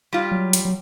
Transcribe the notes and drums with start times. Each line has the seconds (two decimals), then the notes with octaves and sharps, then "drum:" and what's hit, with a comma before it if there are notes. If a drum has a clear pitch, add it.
0.13 G3 F4
0.32 F#3
0.53 drum: hi-hat
0.65 F#3